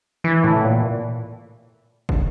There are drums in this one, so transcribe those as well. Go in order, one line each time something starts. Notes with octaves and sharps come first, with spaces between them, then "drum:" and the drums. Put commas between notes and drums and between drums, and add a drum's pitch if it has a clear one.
E3
A2, drum: tom C3
A#2
drum: kick